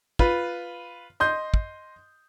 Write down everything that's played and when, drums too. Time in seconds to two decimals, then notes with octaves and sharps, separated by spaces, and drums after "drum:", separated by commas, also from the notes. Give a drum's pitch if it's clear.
0.19 F4 B4, drum: kick
1.20 D#5 C6 G6
1.54 drum: kick